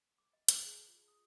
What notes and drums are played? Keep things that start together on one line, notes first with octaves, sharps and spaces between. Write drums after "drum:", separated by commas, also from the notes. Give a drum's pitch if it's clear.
D6
D#5
A5, drum: hi-hat
G#4
F4
D#6